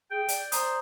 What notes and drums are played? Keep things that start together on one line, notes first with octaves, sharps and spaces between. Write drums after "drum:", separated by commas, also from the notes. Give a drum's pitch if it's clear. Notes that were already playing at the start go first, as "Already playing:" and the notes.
G#4 G5
D5, drum: hi-hat
C5 A#5 D#6, drum: hi-hat